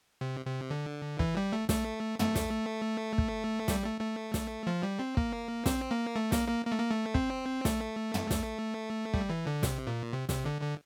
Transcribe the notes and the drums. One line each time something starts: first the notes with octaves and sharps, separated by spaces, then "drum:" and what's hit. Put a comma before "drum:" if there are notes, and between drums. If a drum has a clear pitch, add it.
C3
C3
D3
E3, drum: kick
G3
A3
A3, drum: snare
A3, drum: tom
drum: snare
drum: kick
G3, drum: snare
A3
A3
drum: snare
F3
G3
C4
A#3, drum: kick
C4, drum: snare
A#3
A3
A#3, drum: snare
A#3
A#3
A3
A#3
A3
C4, drum: kick
A3, drum: snare
drum: tom
drum: snare
G3, drum: kick
E3
D3
C3, drum: snare
A#2
C3
C3, drum: snare
D3
D3